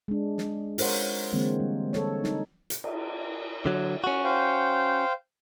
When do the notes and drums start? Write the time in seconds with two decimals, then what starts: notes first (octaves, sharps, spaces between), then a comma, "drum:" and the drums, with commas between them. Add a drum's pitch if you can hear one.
0.08 G#3 D4
0.38 drum: snare
0.78 F4 A#4 C5 C#5 F#5, drum: open hi-hat
1.33 D3 E3 G#3 A#3 C4
1.60 G3
1.93 A4 C#5, drum: snare
2.24 D#4, drum: snare
2.70 drum: hi-hat
2.84 drum: cymbal
3.66 D3 F#3
4.04 C#4 F#4
4.24 C5 F5 G5